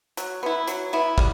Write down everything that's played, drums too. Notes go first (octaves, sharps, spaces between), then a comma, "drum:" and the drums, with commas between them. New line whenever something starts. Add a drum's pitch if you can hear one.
F#3, drum: hi-hat
B3 E4
F#3, drum: hi-hat
B3 E4
G3, drum: kick